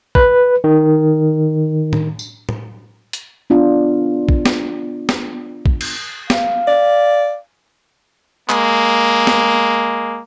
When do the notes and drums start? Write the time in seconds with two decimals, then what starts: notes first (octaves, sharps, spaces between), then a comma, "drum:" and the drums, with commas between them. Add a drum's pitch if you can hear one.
0.15 B4, drum: kick
0.64 D#3
1.93 drum: tom A2
2.19 drum: tambourine
2.49 drum: tom A2
3.13 drum: hi-hat
3.50 B3 D4 F4
4.29 drum: kick
4.46 drum: snare B3
5.09 drum: snare B3
5.66 drum: kick
5.81 drum: cymbal
6.30 F5, drum: snare B3
6.67 D5
8.49 G#3 A#3, drum: clap
9.27 drum: snare B3